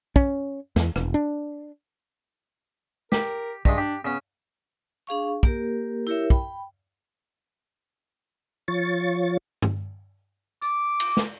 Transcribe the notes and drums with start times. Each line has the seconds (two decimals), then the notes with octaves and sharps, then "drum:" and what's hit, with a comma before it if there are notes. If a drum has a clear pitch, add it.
0.16 C#4, drum: kick
0.76 E2, drum: snare
0.96 E1, drum: rim click
1.14 D4
3.12 G4 A#4, drum: snare
3.65 G2 C#3 G#3, drum: kick
3.78 D4 G4
4.05 C#3 B3 C#4
5.07 D4 G#4 F5 C#6
5.43 A#3 G4 A#4, drum: kick
6.07 E4 G4 A#4 C#5 E5
6.30 G5 B5, drum: kick
8.68 F3 F4 C#5 C#6 A6
9.62 drum: tom G2
10.62 D6, drum: tambourine
11.00 drum: cymbal
11.17 drum: snare